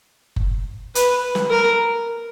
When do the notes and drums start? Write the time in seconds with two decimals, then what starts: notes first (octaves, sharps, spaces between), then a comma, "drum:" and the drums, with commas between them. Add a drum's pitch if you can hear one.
0.36 drum: kick F#1
0.95 B4, drum: hi-hat
1.35 drum: snare
1.50 A#4